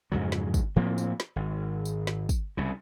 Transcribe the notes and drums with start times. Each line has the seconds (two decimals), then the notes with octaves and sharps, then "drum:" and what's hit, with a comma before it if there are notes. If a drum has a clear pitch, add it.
0.12 F2 G#2 C#3 F#3
0.32 drum: snare
0.54 drum: kick, tambourine
0.76 A2 F3 A#3 C4
0.98 drum: tambourine
1.20 drum: snare
1.36 G#1
1.85 drum: tambourine
2.07 drum: snare
2.29 drum: kick, tambourine
2.57 C2 C#3